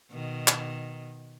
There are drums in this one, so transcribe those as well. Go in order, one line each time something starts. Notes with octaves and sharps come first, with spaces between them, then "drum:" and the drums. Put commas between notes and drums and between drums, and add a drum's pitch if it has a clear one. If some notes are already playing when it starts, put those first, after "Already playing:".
B2 D#3
drum: clap